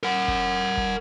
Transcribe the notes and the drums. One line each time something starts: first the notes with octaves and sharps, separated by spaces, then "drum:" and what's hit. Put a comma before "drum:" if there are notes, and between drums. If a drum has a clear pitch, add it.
A#4 F#5
drum: kick
drum: kick